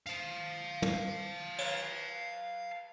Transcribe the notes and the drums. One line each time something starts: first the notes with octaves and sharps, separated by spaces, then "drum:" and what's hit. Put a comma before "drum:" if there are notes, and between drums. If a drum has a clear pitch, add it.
F5 A5, drum: hi-hat
drum: tom
drum: cymbal